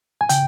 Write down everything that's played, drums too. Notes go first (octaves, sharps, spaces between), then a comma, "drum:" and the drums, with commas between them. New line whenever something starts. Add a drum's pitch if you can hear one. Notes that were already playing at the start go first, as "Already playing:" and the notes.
G#5
C#3 G5, drum: hi-hat